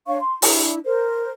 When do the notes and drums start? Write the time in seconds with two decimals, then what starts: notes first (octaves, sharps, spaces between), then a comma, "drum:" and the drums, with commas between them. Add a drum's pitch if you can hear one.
0.06 D4 C#5 F5 C#6
0.20 C6
0.42 D4 E4, drum: open hi-hat
0.86 A#4 C5